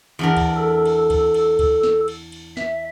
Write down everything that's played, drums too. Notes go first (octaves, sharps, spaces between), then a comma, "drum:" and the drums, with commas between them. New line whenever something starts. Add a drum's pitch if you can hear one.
E2 D4 A#4
drum: kick D2, cymbal
A4
drum: cymbal
drum: kick D2, cymbal
drum: cymbal
drum: kick D2, cymbal
drum: snare
drum: cymbal
drum: cymbal
E5, drum: snare